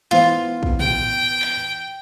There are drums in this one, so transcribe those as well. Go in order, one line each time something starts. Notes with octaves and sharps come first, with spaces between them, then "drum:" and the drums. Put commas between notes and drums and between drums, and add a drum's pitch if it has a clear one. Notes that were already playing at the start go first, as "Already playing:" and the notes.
E3 B3 F4 C5
drum: kick
G5, drum: tom
drum: clap